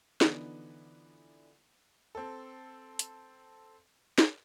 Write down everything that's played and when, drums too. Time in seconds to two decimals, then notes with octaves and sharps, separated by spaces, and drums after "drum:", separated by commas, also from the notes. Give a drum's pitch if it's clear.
0.21 D3 E3 F3 B3 D4 D#4, drum: snare
2.15 C4 A4
2.99 drum: hi-hat
4.18 drum: snare